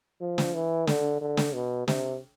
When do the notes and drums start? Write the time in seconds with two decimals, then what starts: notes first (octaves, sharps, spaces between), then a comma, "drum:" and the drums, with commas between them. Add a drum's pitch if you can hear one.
0.21 F3
0.38 drum: snare
0.54 E3
0.87 D3, drum: snare
1.21 D3
1.37 drum: snare
1.53 B2
1.88 C3, drum: snare